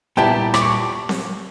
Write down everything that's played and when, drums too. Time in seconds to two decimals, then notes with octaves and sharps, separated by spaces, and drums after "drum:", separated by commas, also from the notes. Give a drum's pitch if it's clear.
0.17 A#2 G3 B3 E4 G4 G5 A5
0.54 D6, drum: rim click
0.61 C#6
1.09 drum: snare C4